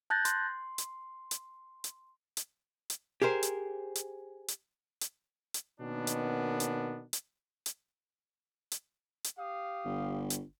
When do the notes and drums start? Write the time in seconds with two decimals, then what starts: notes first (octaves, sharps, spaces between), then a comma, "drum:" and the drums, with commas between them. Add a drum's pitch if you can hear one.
0.10 A5 F#6 G6 A6 A#6
0.25 C6, drum: hi-hat
0.78 drum: hi-hat
1.31 drum: hi-hat
1.84 drum: hi-hat
2.37 drum: hi-hat
2.90 drum: hi-hat
3.22 G4 G#4 A#4 C5
3.43 drum: hi-hat
3.95 drum: hi-hat
4.48 drum: hi-hat
5.01 drum: hi-hat
5.54 drum: hi-hat
5.81 B2 D#3 A#3 B3 C#4 D4
6.07 drum: hi-hat
6.60 drum: hi-hat
7.13 drum: hi-hat
7.66 drum: hi-hat
8.72 drum: hi-hat
9.24 drum: hi-hat
9.38 G4 F5 D#6
9.85 G1
10.30 drum: hi-hat